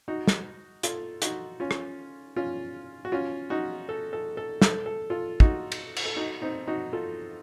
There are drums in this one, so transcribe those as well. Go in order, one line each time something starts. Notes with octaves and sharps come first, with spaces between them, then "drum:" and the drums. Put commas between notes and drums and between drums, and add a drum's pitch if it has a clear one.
D#4 F#4
drum: snare
F4 A4, drum: hi-hat
D#4 F#4, drum: hi-hat
C#4 F4
drum: rim click
C#4 F4
F#4
C#4 F4
D#4 F#4
A4
A4
A4
A4, drum: snare
A4
F4 A4
D#4 F#4, drum: kick
drum: cymbal
drum: cymbal
A4
D#4 F#4
C4 D#4
D#4 F#4
F4 A4